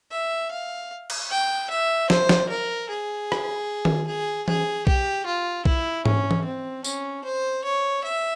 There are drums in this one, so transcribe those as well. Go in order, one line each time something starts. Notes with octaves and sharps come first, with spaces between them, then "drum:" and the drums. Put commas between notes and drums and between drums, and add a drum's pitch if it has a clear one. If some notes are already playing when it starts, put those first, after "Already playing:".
E5
F5
drum: cymbal
G5
E5
C5, drum: snare
drum: snare
A#4
G#4
drum: rim click
drum: tom D#3
G#4
G#4, drum: tom E3
G4, drum: kick B1
F4
E4, drum: kick B1
C#4, drum: tom G#2
drum: tom E3
C4
C#4, drum: tambourine
C5
C#5
E5